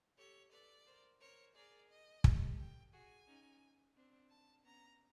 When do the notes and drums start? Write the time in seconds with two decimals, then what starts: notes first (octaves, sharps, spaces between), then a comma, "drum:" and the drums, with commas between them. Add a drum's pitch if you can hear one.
0.18 G4 A4 C#5
0.52 A4 B4 D5
0.87 A#4 C5
1.21 A#4 C5 C#5
1.55 G#4 A#4 D5
1.90 D#5
2.24 G4 A4, drum: kick
2.59 G5
2.93 F#4 G#4 G#5
3.27 C#4 D#4
3.96 C4 D4
4.30 A5
4.65 B3 C#4 A#5